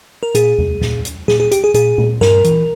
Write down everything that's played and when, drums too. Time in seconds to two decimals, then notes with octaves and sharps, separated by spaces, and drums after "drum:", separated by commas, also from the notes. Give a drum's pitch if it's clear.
0.23 A#4
0.35 A#2 G#4, drum: hi-hat
0.58 drum: tom E2
0.81 A#2, drum: snare
1.05 drum: hi-hat
1.28 A#2 G#4, drum: snare
1.40 G#4
1.51 G4, drum: hi-hat
1.64 G#4
1.74 A#2 G#4, drum: hi-hat
1.98 drum: tom A#2
2.21 G2 A#4, drum: snare
2.44 E3, drum: hi-hat